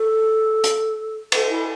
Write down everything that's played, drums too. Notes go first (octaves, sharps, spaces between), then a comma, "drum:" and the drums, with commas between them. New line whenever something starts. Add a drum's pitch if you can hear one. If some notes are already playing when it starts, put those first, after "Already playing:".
Already playing: A4
drum: hi-hat
A4, drum: cymbal
E4